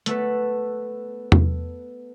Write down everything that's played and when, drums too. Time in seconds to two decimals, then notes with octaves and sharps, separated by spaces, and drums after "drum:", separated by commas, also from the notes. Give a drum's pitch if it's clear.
0.06 A3 B3 A4 B4, drum: hi-hat
1.32 drum: tom E2